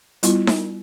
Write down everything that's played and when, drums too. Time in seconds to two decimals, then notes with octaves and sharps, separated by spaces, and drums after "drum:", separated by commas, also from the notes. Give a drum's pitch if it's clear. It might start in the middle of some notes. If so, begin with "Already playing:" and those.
0.23 G3 B3 E4 F4, drum: hi-hat
0.47 drum: snare D#4